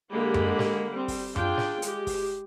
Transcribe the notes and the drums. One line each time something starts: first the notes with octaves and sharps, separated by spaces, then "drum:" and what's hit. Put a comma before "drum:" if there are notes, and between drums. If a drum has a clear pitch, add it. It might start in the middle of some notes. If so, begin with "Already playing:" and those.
D3 G#3 A#3 G4 F#5 B5
drum: tom F#2
drum: snare
G3 C4
drum: kick, open hi-hat
D4 F4 G#4 G5, drum: tom F#2
drum: snare
G#3 G4, drum: hi-hat
drum: kick, open hi-hat